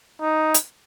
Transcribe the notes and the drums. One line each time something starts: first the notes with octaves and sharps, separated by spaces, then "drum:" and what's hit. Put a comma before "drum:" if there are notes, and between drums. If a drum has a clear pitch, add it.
D#4
drum: hi-hat